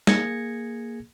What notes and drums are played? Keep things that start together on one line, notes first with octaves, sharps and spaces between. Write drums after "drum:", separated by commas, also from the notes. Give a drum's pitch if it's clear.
A#3 G#4 G#6 A#6 C#7, drum: snare